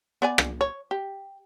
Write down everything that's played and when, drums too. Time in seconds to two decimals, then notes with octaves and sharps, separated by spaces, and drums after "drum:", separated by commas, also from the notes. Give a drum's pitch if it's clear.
0.22 B3 D5 G#5
0.38 drum: rim click
0.61 C#5
0.91 G4